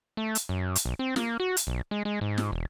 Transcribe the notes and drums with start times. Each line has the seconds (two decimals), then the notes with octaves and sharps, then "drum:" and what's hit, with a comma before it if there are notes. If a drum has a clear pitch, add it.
0.17 A3
0.35 drum: hi-hat
0.49 F#2
0.75 drum: hi-hat
0.85 B1
0.99 C4
1.16 A#3, drum: snare
1.40 F#4
1.57 drum: hi-hat
1.67 B1
1.91 G#3
2.05 G#3
2.21 G#2
2.38 drum: snare
2.52 E1